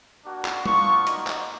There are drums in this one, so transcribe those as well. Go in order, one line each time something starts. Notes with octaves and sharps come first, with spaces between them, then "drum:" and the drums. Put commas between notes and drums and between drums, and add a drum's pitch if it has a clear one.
A#3 D4 F#4
drum: clap
B3 D4 F4 C#6, drum: tom
A#3 D#4 F#4, drum: hi-hat
drum: clap